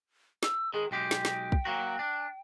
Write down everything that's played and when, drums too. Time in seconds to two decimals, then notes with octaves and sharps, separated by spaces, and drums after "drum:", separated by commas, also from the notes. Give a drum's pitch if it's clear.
0.43 E6, drum: snare
0.74 D#3 G#3 G#4
0.91 B1 G#3 G4 G5
1.11 drum: snare
1.25 drum: snare
1.52 drum: kick
1.65 F#3 A#3 F#4
1.99 D4